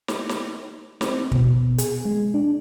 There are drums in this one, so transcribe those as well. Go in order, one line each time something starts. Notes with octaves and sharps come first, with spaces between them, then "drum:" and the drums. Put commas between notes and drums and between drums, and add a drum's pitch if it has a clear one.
drum: snare
drum: snare
C4, drum: snare
B2, drum: kick
G#4, drum: hi-hat
G#3
D4